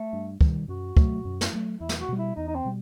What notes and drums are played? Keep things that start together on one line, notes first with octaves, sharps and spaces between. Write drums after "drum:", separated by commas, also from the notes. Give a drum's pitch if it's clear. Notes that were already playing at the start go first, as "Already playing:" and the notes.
Already playing: A3
G2
D#3 G3, drum: kick
F#2 F#4
F#3 A3, drum: kick
F#2
drum: snare
F#3 A3
E2 E4
drum: snare
F#4
B2 G3
E4
E2 D#4
D#4
C4
B2 G3